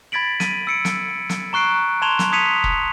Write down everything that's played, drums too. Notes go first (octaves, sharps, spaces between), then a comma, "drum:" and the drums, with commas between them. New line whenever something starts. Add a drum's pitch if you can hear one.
B5 G#6 A6 B6 D7 F#7
D#7, drum: snare
E6 C#7 D7
drum: snare
drum: snare
A#5 C#6 F#6 C7 D7
A5 C6 G#6 E7 F7 G7
drum: snare
D#6 G#6 B6 C#7 D#7 F7
drum: kick F1